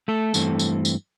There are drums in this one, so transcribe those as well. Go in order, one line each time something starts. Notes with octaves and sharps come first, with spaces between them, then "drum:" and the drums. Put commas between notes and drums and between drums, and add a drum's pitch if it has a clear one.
A3 A4
G2 E3 A3 C4, drum: tambourine
drum: tambourine
drum: tambourine